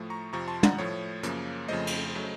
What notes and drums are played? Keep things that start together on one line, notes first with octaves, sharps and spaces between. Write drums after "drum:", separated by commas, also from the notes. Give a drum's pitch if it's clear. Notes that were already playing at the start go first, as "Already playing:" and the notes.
Already playing: A2 F3 A3
A#5 C#6
F2 C3 F3 A#5 C#6
A5 C6
F#5 A#5, drum: tom
A2 F3 A3 C#5
F#2 C#3 F3 A#3, drum: hi-hat
F2 C#3 F3 A3 C5 D#5
drum: cymbal
C#3 F#3 A3